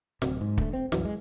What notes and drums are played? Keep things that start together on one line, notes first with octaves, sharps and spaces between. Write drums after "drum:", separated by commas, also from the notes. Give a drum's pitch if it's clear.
D1 C3, drum: snare
G#2
D3 A3, drum: kick
C4
C2 F#2 E3, drum: snare
G#3